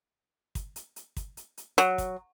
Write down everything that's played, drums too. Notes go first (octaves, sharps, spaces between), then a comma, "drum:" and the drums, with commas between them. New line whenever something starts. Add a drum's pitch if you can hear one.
drum: kick, hi-hat
drum: hi-hat
drum: hi-hat
drum: kick, hi-hat
drum: hi-hat
drum: hi-hat
F#3, drum: hi-hat
drum: kick, hi-hat